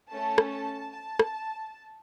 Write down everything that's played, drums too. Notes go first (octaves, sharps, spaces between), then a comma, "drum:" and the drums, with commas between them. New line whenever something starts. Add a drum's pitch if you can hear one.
A3 C#4 A4 A5
drum: rim click
A5
A5
drum: rim click